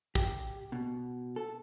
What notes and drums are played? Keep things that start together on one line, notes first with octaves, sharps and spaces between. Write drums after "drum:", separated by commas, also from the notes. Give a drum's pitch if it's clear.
G4, drum: kick
B2
A4